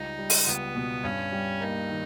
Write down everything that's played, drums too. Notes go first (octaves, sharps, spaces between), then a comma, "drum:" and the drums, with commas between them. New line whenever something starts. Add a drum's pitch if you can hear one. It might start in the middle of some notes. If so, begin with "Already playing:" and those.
Already playing: C#2 G3 D#4 D#5
G3
drum: open hi-hat
C#2 B3 B4
B2
G2 C#4 C#5
G3
A#3 D#4 D#5
D#3